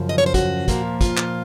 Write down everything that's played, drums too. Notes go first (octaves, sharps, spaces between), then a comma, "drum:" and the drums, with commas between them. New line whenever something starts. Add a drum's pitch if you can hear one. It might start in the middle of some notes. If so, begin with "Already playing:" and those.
Already playing: F#2 C#3 F3
D#5
C#5
C5
F#4, drum: kick, hi-hat
A#2 F3 A#3, drum: kick, hi-hat
F4, drum: kick, hi-hat
drum: clap